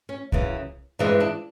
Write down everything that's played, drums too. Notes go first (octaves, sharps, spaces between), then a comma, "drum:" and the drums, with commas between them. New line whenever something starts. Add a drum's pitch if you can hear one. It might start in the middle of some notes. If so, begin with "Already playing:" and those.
C#4
F#2 C#3 E3, drum: kick C2
G2 E3 G#3 C4 D#4
D4